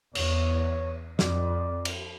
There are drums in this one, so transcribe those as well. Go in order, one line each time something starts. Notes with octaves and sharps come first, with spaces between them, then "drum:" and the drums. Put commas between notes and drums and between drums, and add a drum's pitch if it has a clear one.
E2 C#5, drum: cymbal
F2 D5, drum: snare
drum: cymbal